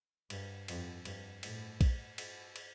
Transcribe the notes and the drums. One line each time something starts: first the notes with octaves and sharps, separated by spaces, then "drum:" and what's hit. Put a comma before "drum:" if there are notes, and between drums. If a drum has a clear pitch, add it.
G2, drum: cymbal
F2, drum: cymbal
G2, drum: cymbal
A2, drum: cymbal
drum: kick A#1, cymbal
drum: cymbal
drum: cymbal